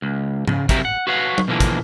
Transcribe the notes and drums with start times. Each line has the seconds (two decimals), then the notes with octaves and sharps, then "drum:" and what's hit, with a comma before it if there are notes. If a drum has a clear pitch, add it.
0.02 C#2
0.48 C#3, drum: tom G#2
0.69 C3 F#3 E4 G4 A#4, drum: kick, hi-hat
0.85 F#5
1.07 F#4 B4 C#5 F5 F#5
1.38 drum: tom
1.48 B2 D3 E3 F3 A#3
1.60 drum: kick, hi-hat